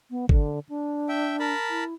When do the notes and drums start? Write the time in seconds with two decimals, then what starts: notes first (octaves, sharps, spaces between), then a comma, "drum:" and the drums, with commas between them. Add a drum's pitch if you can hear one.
0.10 B3
0.29 D3, drum: kick
0.69 D4
1.09 E5 G5
1.40 A#4 A5 B5
1.70 E4